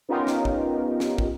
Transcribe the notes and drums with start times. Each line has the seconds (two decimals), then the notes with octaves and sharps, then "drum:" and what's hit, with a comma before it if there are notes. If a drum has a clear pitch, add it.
0.09 B3 C#4 D#4 F4 G4 A#4
0.27 drum: snare
0.45 drum: kick
1.00 drum: snare
1.18 drum: kick